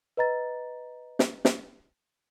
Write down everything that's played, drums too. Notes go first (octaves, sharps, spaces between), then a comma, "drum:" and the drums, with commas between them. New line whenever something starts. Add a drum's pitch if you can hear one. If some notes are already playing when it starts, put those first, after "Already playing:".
B4 D#5 A#5 A6
drum: snare
drum: snare